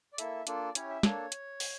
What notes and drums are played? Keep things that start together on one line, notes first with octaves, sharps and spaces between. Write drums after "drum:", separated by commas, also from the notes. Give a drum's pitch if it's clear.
D5
A#3 E4 A4 E5, drum: hi-hat
A#3 D4 F4 A4 D5, drum: hi-hat
C#4 E4 G4 C#5, drum: hi-hat
E5
A#3 D4 A4 C#5, drum: snare
drum: hi-hat
drum: open hi-hat